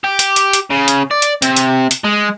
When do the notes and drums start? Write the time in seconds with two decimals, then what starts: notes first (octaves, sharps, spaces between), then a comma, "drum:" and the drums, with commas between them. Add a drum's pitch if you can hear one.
0.04 G4
0.19 drum: hi-hat
0.36 drum: hi-hat
0.53 drum: hi-hat
0.71 C#3
0.88 drum: hi-hat
1.11 D5
1.22 drum: hi-hat
1.42 C3, drum: hi-hat
1.56 drum: hi-hat
1.91 drum: hi-hat
2.04 G#3